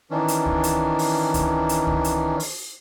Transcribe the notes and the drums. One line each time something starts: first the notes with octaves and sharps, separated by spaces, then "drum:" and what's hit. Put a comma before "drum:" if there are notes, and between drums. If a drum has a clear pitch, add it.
D#3 E3 C#4 D4
drum: hi-hat
drum: kick C#2
drum: hi-hat
drum: open hi-hat
drum: kick C#2, hi-hat
drum: hi-hat
drum: kick C#2
drum: hi-hat
drum: open hi-hat